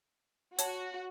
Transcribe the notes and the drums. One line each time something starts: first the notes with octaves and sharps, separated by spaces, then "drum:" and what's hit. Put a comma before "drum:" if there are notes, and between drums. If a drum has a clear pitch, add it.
F#4 C#5 A5, drum: hi-hat